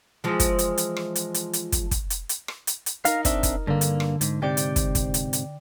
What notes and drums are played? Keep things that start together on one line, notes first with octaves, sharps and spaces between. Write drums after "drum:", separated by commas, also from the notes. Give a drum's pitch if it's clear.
E3 F3 G#3
drum: kick, hi-hat
drum: hi-hat
drum: hi-hat
drum: rim click
drum: hi-hat
drum: hi-hat
drum: hi-hat
drum: kick, hi-hat
drum: kick, hi-hat
drum: hi-hat
drum: hi-hat
drum: rim click
drum: hi-hat
drum: hi-hat
D#4 A#4 F5, drum: hi-hat
C4 D4 E5, drum: kick, hi-hat
drum: kick, hi-hat
G2 D3 A#3
drum: hi-hat
drum: rim click
G#2, drum: hi-hat
G#2 C3 D5 G5 G6
drum: hi-hat
drum: kick, hi-hat
drum: kick, hi-hat
drum: hi-hat
drum: hi-hat